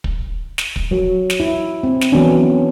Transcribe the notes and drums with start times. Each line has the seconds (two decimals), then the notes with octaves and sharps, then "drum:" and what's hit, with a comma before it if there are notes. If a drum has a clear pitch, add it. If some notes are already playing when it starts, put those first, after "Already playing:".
0.04 drum: kick
0.58 drum: snare
0.76 drum: kick
0.91 F#3
1.30 drum: snare
1.40 E4
1.83 C4
2.01 drum: snare
2.12 E3 F#3 B3 C#4 D4